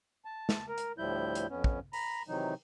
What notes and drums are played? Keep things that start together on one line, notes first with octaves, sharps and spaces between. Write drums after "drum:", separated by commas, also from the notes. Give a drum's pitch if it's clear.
A5
drum: snare
A#4
drum: hi-hat
D2 A2 F3 G3 E4 G6
drum: hi-hat
F2 B3 C#4
drum: kick
A#5 B5, drum: open hi-hat
C3 D#3 E3 F#3 D#4